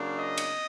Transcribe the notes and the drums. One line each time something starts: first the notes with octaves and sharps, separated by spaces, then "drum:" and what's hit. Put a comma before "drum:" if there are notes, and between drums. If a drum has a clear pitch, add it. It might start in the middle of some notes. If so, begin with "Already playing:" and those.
Already playing: C#3 F#3 A#3 D4
D#5
drum: cymbal